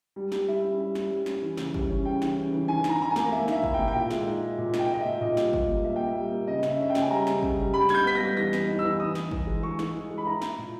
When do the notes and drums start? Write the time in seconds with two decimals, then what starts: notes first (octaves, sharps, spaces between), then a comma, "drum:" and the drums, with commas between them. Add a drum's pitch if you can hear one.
0.16 G3
0.32 G3, drum: snare
0.48 E4 E5
0.63 C#4
0.79 G3
0.95 G3, drum: snare
1.11 G3
1.26 C#4, drum: snare
1.42 E3
1.57 C#3, drum: snare
1.74 G3, drum: kick
1.90 C#4
2.05 C#3 G5
2.22 E3, drum: snare
2.37 C#3
2.53 E3
2.68 D#3 G#5
2.84 D#3, drum: snare
2.90 A#5
3.01 D#3 A#5
3.11 G#5
3.16 A#3, drum: snare
3.32 A#3 E5
3.48 D#3 E5, drum: snare
3.64 E4, drum: kick
3.74 G5
3.79 A#3
3.88 G5
3.94 A#2 E5
4.10 G#3, drum: snare
4.26 D#4
4.43 D#4
4.58 A#2
4.74 D#4, drum: snare
4.79 G5
4.90 A#2 D#5
5.01 A#2 E5
5.21 A#2 D#5
5.37 G3, drum: snare
5.53 G3, drum: kick
5.69 A#3
5.84 A#3 E5
5.96 A#3 G5
6.07 E5
6.15 G3
6.32 A#3
6.47 C#3 D#5
6.63 C#3, drum: snare
6.68 E5
6.79 C#4 E5
6.90 G5
6.95 C#3, drum: snare
7.02 G#5
7.10 G3 A#5
7.27 C#3, drum: snare
7.43 C#3, drum: kick
7.58 G3
7.73 G3 B5
7.89 D#4 G#6, drum: snare
7.94 G6
8.05 B3 B6
8.15 A#6
8.21 G3
8.37 E3 A#6
8.53 B3, drum: snare
8.68 D#4
8.79 E3 E6
9.00 E3 D#6
9.15 D#4, drum: snare
9.32 E3, drum: kick
9.47 G#3
9.63 G#3 C#6
9.79 E3, drum: snare
9.95 E3
10.10 G#3
10.18 B5
10.26 E4 A#5
10.42 E4, drum: snare
10.58 A#2